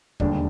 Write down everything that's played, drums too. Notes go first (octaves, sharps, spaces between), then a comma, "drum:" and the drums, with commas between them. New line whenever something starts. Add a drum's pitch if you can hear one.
E1 D#2 D3 G3 D4, drum: kick